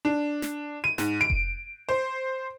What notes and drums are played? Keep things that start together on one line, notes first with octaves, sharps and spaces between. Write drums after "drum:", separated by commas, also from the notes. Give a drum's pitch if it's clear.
D4
drum: snare
D#7
G#2, drum: snare
D7
drum: kick F1
C5